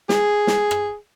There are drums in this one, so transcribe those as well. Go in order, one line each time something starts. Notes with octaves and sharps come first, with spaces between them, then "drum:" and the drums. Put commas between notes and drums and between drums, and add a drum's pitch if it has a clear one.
G#4, drum: snare
drum: snare
drum: rim click